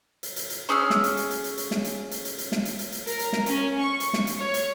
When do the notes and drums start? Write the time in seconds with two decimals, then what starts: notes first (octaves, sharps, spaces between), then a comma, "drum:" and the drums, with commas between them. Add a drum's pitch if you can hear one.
0.23 drum: hi-hat
0.36 drum: hi-hat
0.50 drum: hi-hat
0.69 C#4 G#4 E6 F6
0.90 drum: snare
1.04 drum: hi-hat
1.17 drum: hi-hat
1.31 drum: hi-hat
1.44 drum: hi-hat
1.58 drum: hi-hat
1.71 drum: snare
1.84 drum: hi-hat
2.11 drum: hi-hat
2.25 drum: hi-hat
2.38 drum: hi-hat
2.52 drum: snare
2.65 drum: hi-hat
2.79 drum: hi-hat
2.92 drum: hi-hat
3.07 A#4, drum: hi-hat
3.19 drum: hi-hat
3.33 drum: snare
3.46 C#4, drum: hi-hat
3.80 C#6
4.00 drum: hi-hat
4.13 drum: snare
4.27 drum: hi-hat
4.40 C#5
4.54 drum: hi-hat